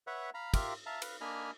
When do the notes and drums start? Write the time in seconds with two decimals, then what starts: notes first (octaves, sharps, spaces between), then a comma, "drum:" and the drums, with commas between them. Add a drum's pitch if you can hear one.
0.07 B4 C#5 E5 F#5
0.34 F5 A#5 B5
0.54 F4 G4 A#4 E5 F5, drum: kick, cymbal
0.86 E5 F5 A5 A#5
1.02 B4 F5, drum: cymbal
1.21 A#3 D4 D#5 G#5 B5 F6